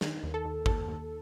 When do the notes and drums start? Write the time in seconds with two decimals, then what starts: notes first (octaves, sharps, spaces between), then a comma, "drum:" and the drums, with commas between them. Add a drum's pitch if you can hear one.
0.01 D#3, drum: snare
0.23 D#2
0.34 A4
0.45 D#2
0.66 D#2 A4, drum: kick G#1
0.88 D#2